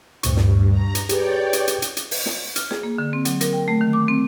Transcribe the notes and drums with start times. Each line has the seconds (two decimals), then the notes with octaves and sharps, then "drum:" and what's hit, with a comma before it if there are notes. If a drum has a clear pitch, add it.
0.23 D2 G2 A#2 C#6, drum: hi-hat
0.37 drum: snare
0.70 A#5
0.95 drum: hi-hat
1.09 G4 G#4 B4 C#5 D5 G5, drum: hi-hat
1.53 drum: hi-hat
1.68 drum: hi-hat
1.82 drum: hi-hat
1.97 drum: hi-hat
2.11 drum: open hi-hat
2.26 drum: snare
2.56 F6, drum: hi-hat
2.71 G#4, drum: snare
2.83 A#3
2.98 D3
3.13 C4
3.25 F#3, drum: hi-hat
3.41 A#4, drum: hi-hat
3.53 G5
3.68 A3
3.81 D#3
3.93 D6
4.08 C4